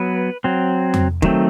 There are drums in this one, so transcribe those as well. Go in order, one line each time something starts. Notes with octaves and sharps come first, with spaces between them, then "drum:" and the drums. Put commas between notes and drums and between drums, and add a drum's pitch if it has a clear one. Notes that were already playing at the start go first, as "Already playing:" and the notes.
Already playing: F#3 B3 B4
F#3 C4
drum: tom F2
D#3 F#3 A3 C4, drum: kick F1